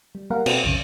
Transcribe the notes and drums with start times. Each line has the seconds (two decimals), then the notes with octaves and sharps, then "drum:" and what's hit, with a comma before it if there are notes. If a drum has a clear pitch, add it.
0.15 G3
0.30 G3 A#3 A#4 F5 F#5
0.46 B2 C4 F#4 A4 B4 G5, drum: cymbal
0.64 B1 F2 C#3